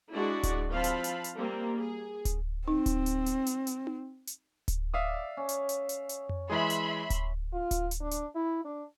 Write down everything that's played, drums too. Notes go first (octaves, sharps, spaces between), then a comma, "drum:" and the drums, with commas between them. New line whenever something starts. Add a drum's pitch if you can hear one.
G#3 D4 E4 F#4 D5
drum: kick D1, hi-hat
F3 C4 F5 A5 B5 C6
drum: hi-hat
drum: hi-hat
drum: hi-hat
G3 A#3 C4
G#4
drum: kick D1, hi-hat
C4 D#4
drum: kick D1, hi-hat
drum: hi-hat
drum: hi-hat
drum: hi-hat
drum: hi-hat
drum: tom D#4
drum: hi-hat
drum: kick D1, hi-hat
D5 E5 F5 D#6
C#4
drum: hi-hat
drum: hi-hat
drum: hi-hat
drum: hi-hat
drum: tom F2
E3 G#3 G#4 E5 B5 C6
drum: hi-hat
drum: kick D1, hi-hat
F4
drum: kick D1, hi-hat
drum: hi-hat
D4
drum: hi-hat
E4
D4